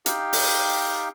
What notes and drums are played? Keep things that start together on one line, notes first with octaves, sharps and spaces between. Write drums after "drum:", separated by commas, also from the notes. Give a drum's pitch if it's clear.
D#4 G4 F5 G5, drum: hi-hat
drum: open hi-hat